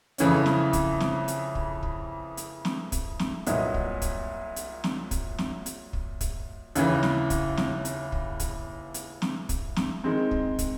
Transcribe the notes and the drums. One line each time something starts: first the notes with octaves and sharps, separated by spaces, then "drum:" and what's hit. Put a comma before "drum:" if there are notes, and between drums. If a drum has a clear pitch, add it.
F2 C#3 E3 A3 C#4, drum: hi-hat
drum: snare
drum: kick, hi-hat
drum: snare
drum: hi-hat
drum: kick
drum: kick
drum: hi-hat
drum: snare
drum: kick, hi-hat
drum: snare
C2 A#2 F#3 B3 D#4, drum: hi-hat
drum: kick
drum: kick, hi-hat
drum: hi-hat
drum: snare
drum: kick, hi-hat
drum: snare
drum: hi-hat
drum: kick
drum: kick, hi-hat
D#2 C#3 E3, drum: hi-hat
drum: snare
drum: kick, hi-hat
drum: snare
drum: hi-hat
drum: kick
drum: kick, hi-hat
drum: hi-hat
drum: snare
drum: kick, hi-hat
drum: snare
D#3 G#3 C4
drum: kick
drum: kick, hi-hat